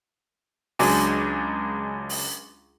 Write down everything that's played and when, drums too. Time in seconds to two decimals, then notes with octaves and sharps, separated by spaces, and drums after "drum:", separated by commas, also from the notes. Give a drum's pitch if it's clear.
0.79 C#2 F#3 G#3 D4 G#5 D6, drum: open hi-hat
2.09 drum: open hi-hat